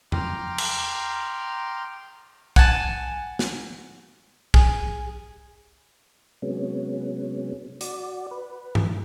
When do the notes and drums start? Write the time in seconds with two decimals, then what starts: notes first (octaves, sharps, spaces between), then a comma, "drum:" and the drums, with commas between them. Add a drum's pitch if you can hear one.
0.12 G5 A#5 C6 D6 F6, drum: tom E2
0.58 drum: cymbal
2.56 F#5 G#5 A5, drum: kick
3.39 drum: snare
4.54 G#4, drum: kick
6.42 C3 F#3 G#3 B3 C#4
7.81 F#4 D5, drum: hi-hat
8.31 B4
8.75 drum: tom G2